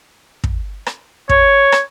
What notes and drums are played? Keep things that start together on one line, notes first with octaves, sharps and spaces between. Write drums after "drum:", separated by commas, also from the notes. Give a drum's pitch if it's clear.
drum: kick
drum: rim click
C#5, drum: kick
drum: rim click